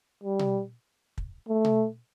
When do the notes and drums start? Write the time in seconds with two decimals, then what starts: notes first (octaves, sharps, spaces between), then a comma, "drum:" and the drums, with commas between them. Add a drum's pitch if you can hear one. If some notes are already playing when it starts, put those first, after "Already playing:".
0.24 G3
0.39 drum: tom B2
1.18 drum: kick
1.49 A3
1.65 drum: tom B2